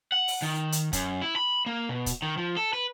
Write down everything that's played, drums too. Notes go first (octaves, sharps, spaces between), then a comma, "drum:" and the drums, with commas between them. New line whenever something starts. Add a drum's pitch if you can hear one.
F#5
drum: open hi-hat
D#3
drum: hi-hat
F#2, drum: kick, hi-hat
E4
B5
A#3
B2
drum: kick, hi-hat
D#3
F3
A4
B4